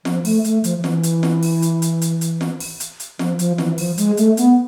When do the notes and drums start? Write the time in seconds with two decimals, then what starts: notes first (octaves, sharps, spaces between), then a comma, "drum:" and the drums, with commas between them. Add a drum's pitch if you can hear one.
0.05 F3, drum: snare F4
0.25 A3, drum: open hi-hat
0.44 A3, drum: hi-hat
0.64 F3, drum: hi-hat
0.78 F3
0.84 E3, drum: snare F4
1.03 drum: hi-hat
1.23 drum: snare F4
1.43 drum: open hi-hat
1.62 drum: hi-hat
1.82 drum: hi-hat
2.02 drum: hi-hat
2.21 drum: hi-hat
2.41 drum: snare F4
2.60 drum: open hi-hat
2.80 drum: hi-hat
3.00 drum: hi-hat
3.19 F3, drum: snare F4
3.39 F3, drum: hi-hat
3.58 E3, drum: snare F4
3.78 F3, drum: open hi-hat
3.98 G#3, drum: hi-hat
4.17 A3, drum: hi-hat
4.37 B3, drum: hi-hat